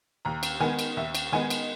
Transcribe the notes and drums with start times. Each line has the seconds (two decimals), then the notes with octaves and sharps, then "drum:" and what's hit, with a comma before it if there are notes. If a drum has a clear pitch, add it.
0.25 D#2 A#5
0.43 drum: cymbal
0.60 D#3 G#3 B3 G#5
0.79 drum: cymbal
0.97 D#2 E5
1.15 drum: cymbal
1.32 D#3 G#3 B3 G#5
1.50 drum: cymbal